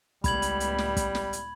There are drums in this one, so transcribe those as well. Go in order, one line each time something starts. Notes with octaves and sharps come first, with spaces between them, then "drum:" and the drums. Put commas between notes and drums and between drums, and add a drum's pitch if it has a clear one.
C#2 A2 G3 B3 B5 G#6 F#7, drum: kick, hi-hat
drum: hi-hat
drum: hi-hat
drum: snare
drum: kick, hi-hat
drum: snare
drum: hi-hat